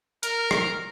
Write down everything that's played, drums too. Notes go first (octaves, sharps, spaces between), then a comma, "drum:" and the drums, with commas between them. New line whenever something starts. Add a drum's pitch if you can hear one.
A#4, drum: hi-hat
drum: rim click